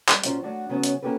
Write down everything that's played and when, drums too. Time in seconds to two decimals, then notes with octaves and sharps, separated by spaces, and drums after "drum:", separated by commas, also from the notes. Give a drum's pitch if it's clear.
0.08 G3 C4, drum: clap
0.24 A#2 F#3 C#4 F4 C5, drum: hi-hat
0.43 F#3 A3 D4 F#4 F#5
0.69 C#3 F#3 A3 B3 C#4 F#4
0.84 drum: hi-hat
1.02 A#3 C#4 F#4 G4 A4 B4